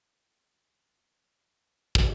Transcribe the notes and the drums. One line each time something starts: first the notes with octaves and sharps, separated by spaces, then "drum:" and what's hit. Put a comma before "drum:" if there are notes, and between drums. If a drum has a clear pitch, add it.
F2 A#2
drum: kick